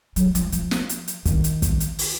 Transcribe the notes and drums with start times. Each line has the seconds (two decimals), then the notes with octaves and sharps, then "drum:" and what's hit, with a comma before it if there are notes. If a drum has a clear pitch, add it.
0.16 F#3, drum: hi-hat
0.35 F3, drum: hi-hat
0.52 F3, drum: hi-hat
0.71 drum: snare
0.89 drum: hi-hat
1.08 drum: hi-hat
1.25 D#3, drum: kick, hi-hat
1.44 drum: hi-hat
1.62 drum: kick, hi-hat
1.80 drum: hi-hat
1.99 drum: open hi-hat